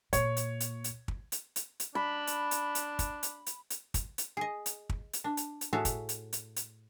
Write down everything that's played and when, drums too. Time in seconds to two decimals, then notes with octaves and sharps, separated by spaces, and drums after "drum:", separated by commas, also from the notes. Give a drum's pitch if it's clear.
0.13 A#2 C#5, drum: kick, hi-hat
0.37 drum: hi-hat
0.60 drum: hi-hat
0.84 drum: hi-hat
1.08 drum: kick
1.32 drum: hi-hat
1.56 drum: hi-hat
1.80 drum: hi-hat
1.95 D4 B5
2.27 drum: hi-hat
2.51 drum: hi-hat
2.75 drum: hi-hat
2.99 drum: kick, hi-hat
3.23 drum: hi-hat
3.46 drum: hi-hat
3.70 drum: hi-hat
3.94 drum: kick, hi-hat
4.18 drum: hi-hat
4.37 G#4 D#5
4.66 drum: hi-hat
4.90 drum: kick
5.13 drum: hi-hat
5.24 D4
5.37 drum: hi-hat
5.61 drum: hi-hat
5.73 A2 F#4 G#4 C#5 E5 A5
5.85 drum: kick, hi-hat
6.09 drum: hi-hat
6.33 drum: hi-hat
6.56 drum: hi-hat